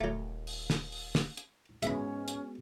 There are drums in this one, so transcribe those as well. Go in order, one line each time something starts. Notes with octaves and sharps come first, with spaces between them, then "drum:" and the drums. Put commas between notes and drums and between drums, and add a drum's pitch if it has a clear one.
D#1 F#3 A3
drum: open hi-hat
drum: snare
drum: open hi-hat
drum: snare
drum: hi-hat
G#2 G#3 B3 C#4 F#4 E5 B5, drum: hi-hat
drum: hi-hat